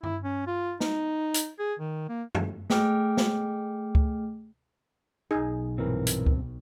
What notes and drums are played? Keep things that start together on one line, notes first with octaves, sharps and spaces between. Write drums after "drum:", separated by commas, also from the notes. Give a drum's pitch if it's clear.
E4, drum: tom G2
C#4
F4
D#4, drum: snare
drum: hi-hat
G#4
D#3
A#3
drum: tom
A3 G#4 G5 D6 F6, drum: snare
drum: snare
drum: kick C#2
B1 D#4 G#4
G2 A#2 E3 C4 A#4
drum: hi-hat
drum: kick C#2